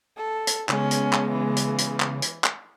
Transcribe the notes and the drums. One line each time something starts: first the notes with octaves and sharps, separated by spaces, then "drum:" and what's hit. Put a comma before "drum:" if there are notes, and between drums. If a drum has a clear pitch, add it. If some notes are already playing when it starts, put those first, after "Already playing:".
A4
drum: hi-hat
C#3 G#3 B3 C#4, drum: clap
drum: hi-hat
drum: clap
E3
drum: hi-hat
drum: hi-hat
drum: clap
drum: hi-hat
drum: clap